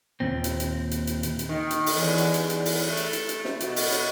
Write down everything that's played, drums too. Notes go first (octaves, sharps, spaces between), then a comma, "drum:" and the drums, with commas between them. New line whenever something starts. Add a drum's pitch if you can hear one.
D#2 A#2 C4
drum: hi-hat
drum: hi-hat
drum: hi-hat
drum: hi-hat
drum: hi-hat
drum: hi-hat
D#3
drum: hi-hat
drum: open hi-hat
E2
drum: hi-hat
drum: hi-hat
drum: hi-hat
drum: open hi-hat
A3
drum: hi-hat
drum: hi-hat
drum: hi-hat
drum: snare
B2, drum: hi-hat
drum: open hi-hat
drum: hi-hat